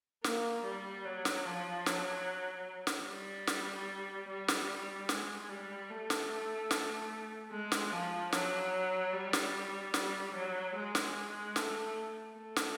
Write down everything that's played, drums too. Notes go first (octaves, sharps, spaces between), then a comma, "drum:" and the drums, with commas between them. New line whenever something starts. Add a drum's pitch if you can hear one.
A#3, drum: snare
G3
F#3
drum: snare
F3
F#3, drum: snare
drum: snare
G3
drum: snare
G3
drum: snare
G#3, drum: snare
G3
A3
drum: snare
drum: snare
G#3
drum: snare
F3
F#3, drum: snare
G3
drum: snare
G3, drum: snare
F#3
G#3
drum: snare
G#3
A3, drum: snare
A3
drum: snare